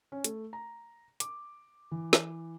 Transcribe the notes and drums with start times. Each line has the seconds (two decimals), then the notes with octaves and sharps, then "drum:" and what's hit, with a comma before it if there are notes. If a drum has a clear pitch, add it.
0.12 C#4
0.24 A3, drum: hi-hat
0.53 A#5
1.20 D6, drum: hi-hat
1.91 E3
2.13 drum: snare